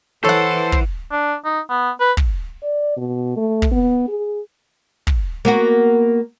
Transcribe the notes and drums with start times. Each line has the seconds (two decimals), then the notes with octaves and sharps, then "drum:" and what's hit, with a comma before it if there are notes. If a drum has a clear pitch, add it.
0.24 E3 A4 C5 C#5 F#5
0.72 drum: kick
1.11 D4
1.45 D#4
1.70 B3
2.00 B4
2.17 drum: kick
2.63 D5
2.97 B2
3.37 A3
3.62 drum: kick
3.72 B3
4.08 G#4
5.07 drum: kick
5.45 A#3 B3 F#4